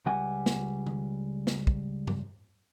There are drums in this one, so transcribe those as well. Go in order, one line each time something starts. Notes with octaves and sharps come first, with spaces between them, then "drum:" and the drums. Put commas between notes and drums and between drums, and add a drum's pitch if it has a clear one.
C#2 G3 F#5 G#5
drum: snare
drum: tom D#3
drum: snare
drum: kick
drum: tom G2